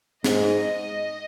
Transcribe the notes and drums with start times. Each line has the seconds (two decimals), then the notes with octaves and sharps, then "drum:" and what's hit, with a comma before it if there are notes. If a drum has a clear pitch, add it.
0.24 G#2 D#5, drum: snare